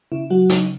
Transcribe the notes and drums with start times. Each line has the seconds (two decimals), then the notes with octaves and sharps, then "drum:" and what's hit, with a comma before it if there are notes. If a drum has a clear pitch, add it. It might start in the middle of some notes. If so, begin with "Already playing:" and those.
0.12 C#3 E4
0.30 F#3 F#4
0.49 C#3 D#4, drum: hi-hat